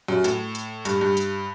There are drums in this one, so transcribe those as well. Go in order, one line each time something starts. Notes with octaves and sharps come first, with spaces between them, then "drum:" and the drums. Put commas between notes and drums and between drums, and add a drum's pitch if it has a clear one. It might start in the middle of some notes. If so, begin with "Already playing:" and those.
F#2
A2, drum: hi-hat
drum: hi-hat
G2, drum: hi-hat
G2
drum: hi-hat